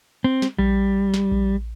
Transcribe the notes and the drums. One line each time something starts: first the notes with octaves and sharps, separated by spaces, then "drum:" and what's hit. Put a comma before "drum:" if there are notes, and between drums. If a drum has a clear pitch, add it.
C4
drum: snare
G3, drum: kick A#1
drum: snare
drum: kick A#1